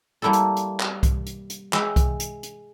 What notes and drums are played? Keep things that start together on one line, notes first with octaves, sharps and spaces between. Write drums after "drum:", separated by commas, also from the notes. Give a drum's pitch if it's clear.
G3 A#3 E4 G4 A4
drum: hi-hat
drum: hi-hat
drum: clap
drum: kick C2, hi-hat
drum: hi-hat
drum: hi-hat
G#3 E5 G5, drum: clap
drum: kick C2, hi-hat
drum: hi-hat
drum: hi-hat